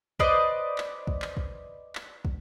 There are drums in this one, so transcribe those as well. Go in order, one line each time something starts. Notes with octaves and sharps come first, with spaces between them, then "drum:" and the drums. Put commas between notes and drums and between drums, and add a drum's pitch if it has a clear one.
B4 C5 D5 D#5, drum: kick
drum: clap
drum: kick
drum: clap
drum: kick
drum: clap
drum: kick